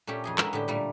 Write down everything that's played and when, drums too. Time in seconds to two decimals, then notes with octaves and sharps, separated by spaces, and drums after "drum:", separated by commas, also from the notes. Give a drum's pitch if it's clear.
0.07 A#2 A3 C#4 G4
0.24 F2 G#4 D#5
0.38 G#3 E4 F#4 A#4 B4 E5, drum: clap
0.53 A2 D3 G4
0.68 A#2 G3 A3 A#3